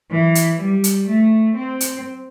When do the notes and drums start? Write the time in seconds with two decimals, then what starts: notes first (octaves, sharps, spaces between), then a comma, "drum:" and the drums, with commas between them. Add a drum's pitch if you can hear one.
0.11 E3
0.35 drum: hi-hat
0.59 G3
0.84 drum: hi-hat
1.08 A3
1.56 C4
1.81 drum: hi-hat